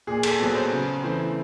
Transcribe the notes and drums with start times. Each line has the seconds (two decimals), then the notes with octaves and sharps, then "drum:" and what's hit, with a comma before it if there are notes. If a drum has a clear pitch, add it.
0.07 A#2 G#4
0.23 A4, drum: cymbal
0.39 F#3 B3
0.55 C5
0.71 C#3
1.04 E3 A3 C4